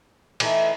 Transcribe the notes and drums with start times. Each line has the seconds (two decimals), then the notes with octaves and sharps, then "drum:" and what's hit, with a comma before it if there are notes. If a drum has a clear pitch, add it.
0.40 E3 A3 D#4 A4, drum: cymbal